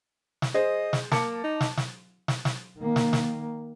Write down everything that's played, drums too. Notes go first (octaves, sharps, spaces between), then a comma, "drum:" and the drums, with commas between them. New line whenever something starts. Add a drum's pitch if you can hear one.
drum: snare
G#4 C5 D#5
drum: snare
A#3 A5 D6 C#7, drum: snare
D#4
drum: snare
drum: snare
drum: snare
drum: snare
D#3 A#3
drum: snare
drum: snare